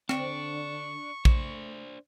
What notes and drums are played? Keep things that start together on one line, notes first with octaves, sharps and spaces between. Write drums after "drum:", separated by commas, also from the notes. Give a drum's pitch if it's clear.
D3 C4 D4 D5 C#6, drum: rim click
A3 D4 C5, drum: kick A#1